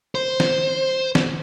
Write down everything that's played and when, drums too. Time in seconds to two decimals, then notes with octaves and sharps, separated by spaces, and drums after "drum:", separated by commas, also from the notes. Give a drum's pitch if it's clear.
0.15 C5
0.40 drum: snare
1.15 drum: snare